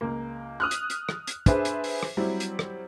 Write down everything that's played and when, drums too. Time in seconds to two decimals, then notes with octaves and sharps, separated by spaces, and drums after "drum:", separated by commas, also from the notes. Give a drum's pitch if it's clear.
0.01 C#2 A#3
0.60 D#6 F6 F#6
0.71 drum: hi-hat
0.90 drum: hi-hat
1.09 drum: rim click
1.27 drum: hi-hat
1.46 D4 G#4 B4 C5 E5 G#5, drum: kick, hi-hat
1.65 drum: hi-hat
1.84 drum: open hi-hat
2.03 drum: rim click
2.17 F#3 G3 C4 E4
2.40 drum: hi-hat
2.59 drum: rim click